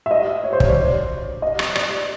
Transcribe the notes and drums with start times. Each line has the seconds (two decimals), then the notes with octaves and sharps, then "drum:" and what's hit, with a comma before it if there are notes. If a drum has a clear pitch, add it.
0.06 E5
0.11 D#5
0.44 C#5
0.53 C5
0.60 C#5, drum: kick
0.68 D5
1.42 D#5
1.59 drum: rim click
1.76 D5, drum: rim click